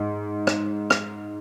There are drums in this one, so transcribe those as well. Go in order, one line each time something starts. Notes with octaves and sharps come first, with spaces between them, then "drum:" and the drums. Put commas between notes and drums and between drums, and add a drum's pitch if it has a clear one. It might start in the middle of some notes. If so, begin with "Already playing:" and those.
Already playing: G#2
drum: rim click
drum: rim click